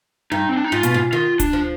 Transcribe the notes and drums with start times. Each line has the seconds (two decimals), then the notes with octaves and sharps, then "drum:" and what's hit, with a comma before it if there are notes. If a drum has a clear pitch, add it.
0.32 G2 D#4
0.49 C4
0.57 D4
0.64 D#4
0.72 G#2 F4
0.83 B2, drum: hi-hat
0.94 G#2
1.13 D#3 F4
1.40 D4, drum: kick D1, hi-hat
1.53 F3